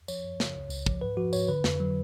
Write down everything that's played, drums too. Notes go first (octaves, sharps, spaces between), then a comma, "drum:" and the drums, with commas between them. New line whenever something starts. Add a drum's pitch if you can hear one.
F3 C#5, drum: tambourine
F#2
C#3, drum: snare
C#2
C#2, drum: tambourine
F3, drum: kick
G#2 B4
F3 F#4
G#2 C#5, drum: tambourine
D3 B4
F2, drum: snare
F#3